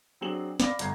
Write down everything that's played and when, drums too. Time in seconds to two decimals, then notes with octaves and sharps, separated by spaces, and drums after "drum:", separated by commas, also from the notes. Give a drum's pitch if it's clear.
0.21 F#3 C4 D4 G#4 F#7
0.60 D5 F5 B5 D6 A#6, drum: snare
0.79 G1 D2 A#5 G#6 C7, drum: hi-hat